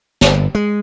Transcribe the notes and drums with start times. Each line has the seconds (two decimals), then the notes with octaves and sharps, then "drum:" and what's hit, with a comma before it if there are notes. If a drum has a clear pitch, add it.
0.21 G1, drum: snare
0.55 G#3